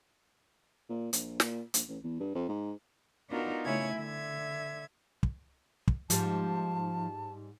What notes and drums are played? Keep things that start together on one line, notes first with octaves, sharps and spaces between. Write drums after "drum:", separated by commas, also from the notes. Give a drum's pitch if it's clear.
A#2
A#1, drum: hi-hat
A#2, drum: snare
A#1, drum: hi-hat
A1
E2
G2
F2
G#2
B3 D4 D#4 F4 F#4 A#4
C#3 A3 E4 C#5 G#5 G#6
D3 E5 G#6
drum: kick
drum: kick
G#2 F3 G3 A5, drum: hi-hat